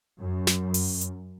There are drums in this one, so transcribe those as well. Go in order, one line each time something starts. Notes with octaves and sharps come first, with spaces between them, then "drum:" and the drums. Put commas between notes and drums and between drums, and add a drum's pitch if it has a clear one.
F#2
drum: snare
drum: open hi-hat
drum: hi-hat